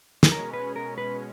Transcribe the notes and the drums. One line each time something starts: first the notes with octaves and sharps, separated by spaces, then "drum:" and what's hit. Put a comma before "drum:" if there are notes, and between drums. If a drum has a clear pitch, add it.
G#4, drum: snare
B2 G#3 C#4 A#4
B4
A#4
B4